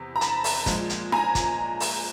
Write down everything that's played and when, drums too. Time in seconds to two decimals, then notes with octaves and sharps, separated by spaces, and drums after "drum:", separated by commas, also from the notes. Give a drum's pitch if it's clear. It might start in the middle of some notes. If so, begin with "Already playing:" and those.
Already playing: E2 C3 C4
0.16 A#5
0.21 A5 B5, drum: hi-hat
0.44 drum: open hi-hat
0.66 A#2 F3 G#3, drum: kick, hi-hat
0.90 drum: hi-hat
1.12 G#5 A#5, drum: snare D#4
1.35 drum: kick, hi-hat
1.80 drum: open hi-hat